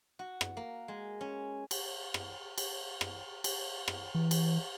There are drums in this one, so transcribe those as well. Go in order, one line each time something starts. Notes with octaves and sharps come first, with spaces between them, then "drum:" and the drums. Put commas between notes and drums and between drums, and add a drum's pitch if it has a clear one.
F#4
drum: rim click
A#3
G#3
C#4
drum: cymbal
drum: rim click
drum: cymbal
drum: rim click
drum: cymbal
drum: rim click
E3
drum: cymbal